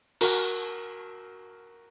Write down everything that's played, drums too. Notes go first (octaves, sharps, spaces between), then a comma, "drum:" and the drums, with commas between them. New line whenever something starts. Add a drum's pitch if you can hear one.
F#4 A#4, drum: cymbal